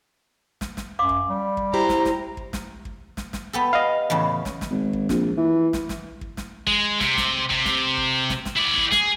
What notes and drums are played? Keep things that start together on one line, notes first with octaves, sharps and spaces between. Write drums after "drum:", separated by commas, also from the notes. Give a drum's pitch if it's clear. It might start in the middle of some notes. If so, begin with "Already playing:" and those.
drum: snare
drum: snare
F#2 F5 C6 D6
drum: kick
G3
drum: kick
E4 G4 C5 A#5
drum: snare
drum: snare
drum: kick
drum: snare
drum: kick
drum: snare
drum: snare
B3 G4 A4
D#5 F5
E2 A2 C#3
drum: snare
drum: snare
G#1
drum: kick
A#1, drum: snare
E3
drum: snare
drum: snare
drum: kick
drum: snare
G#3, drum: kick
C3, drum: snare
drum: snare
C3, drum: kick
drum: snare
drum: kick
drum: snare
drum: snare
E4 D5
drum: kick
G#4, drum: snare